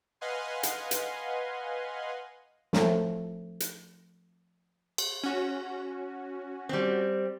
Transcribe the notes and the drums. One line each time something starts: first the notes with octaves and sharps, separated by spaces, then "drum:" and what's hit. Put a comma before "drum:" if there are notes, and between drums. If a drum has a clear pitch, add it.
B4 D#5 F5 F#5 G#5 C6
drum: hi-hat
drum: hi-hat
F3 A3, drum: snare
drum: hi-hat
drum: cymbal
C#4 F#4
G3 C4